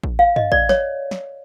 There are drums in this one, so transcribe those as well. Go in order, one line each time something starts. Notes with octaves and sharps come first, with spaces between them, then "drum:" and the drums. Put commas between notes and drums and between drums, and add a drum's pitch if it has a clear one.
drum: kick
F5
D#5, drum: tom
D5, drum: kick
C#5, drum: snare
drum: snare